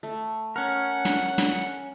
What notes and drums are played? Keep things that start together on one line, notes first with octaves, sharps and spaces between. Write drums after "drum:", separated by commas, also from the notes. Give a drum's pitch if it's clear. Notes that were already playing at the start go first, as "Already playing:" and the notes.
A3
C#4 A#4 F#5
drum: snare
drum: snare